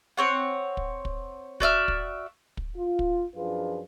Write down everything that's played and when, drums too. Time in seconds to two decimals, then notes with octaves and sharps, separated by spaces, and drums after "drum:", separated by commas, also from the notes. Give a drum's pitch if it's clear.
0.17 C4 C#5 F#5
0.77 drum: kick
1.05 drum: kick
1.60 F#4 D5 E5 F6, drum: kick
1.88 drum: kick
2.57 drum: kick
2.76 F4
2.99 drum: kick
3.35 F#2 F3 D4 F4 G#4 B4